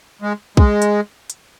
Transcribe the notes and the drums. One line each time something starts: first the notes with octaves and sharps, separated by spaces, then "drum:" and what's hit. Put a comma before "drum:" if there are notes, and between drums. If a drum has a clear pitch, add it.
G#3
G#3, drum: kick
drum: hi-hat
drum: hi-hat